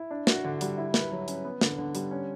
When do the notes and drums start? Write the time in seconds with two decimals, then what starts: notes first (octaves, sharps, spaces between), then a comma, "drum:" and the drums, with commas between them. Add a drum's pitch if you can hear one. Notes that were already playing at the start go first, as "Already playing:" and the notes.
Already playing: E4
0.11 D4
0.27 F#4, drum: snare
0.44 D3
0.61 G3, drum: hi-hat
0.78 E4
0.94 B4, drum: snare
1.11 F#3
1.28 C#4, drum: hi-hat
1.45 B3
1.61 D3, drum: snare
1.78 D3
1.95 G3, drum: hi-hat
2.11 C#4